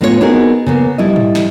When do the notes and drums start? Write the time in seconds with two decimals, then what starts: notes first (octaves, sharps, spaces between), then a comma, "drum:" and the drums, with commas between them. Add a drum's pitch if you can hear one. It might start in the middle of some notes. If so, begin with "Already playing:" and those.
0.01 A2 G#3 B3 F4 F#4 C#5
0.21 B3 C4 D#4 F#4 G#4 A#4
0.66 C#3 A#3 B3
0.98 G3 E4 A4 D#5
1.16 drum: tom G#2
1.35 drum: snare